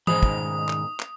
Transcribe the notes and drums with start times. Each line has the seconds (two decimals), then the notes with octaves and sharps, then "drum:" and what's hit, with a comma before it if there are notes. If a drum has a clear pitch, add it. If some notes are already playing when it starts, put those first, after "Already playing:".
0.07 G#2 B2 D#3 B5 D#6, drum: tom E3
0.23 drum: kick
0.69 drum: clap
1.00 drum: clap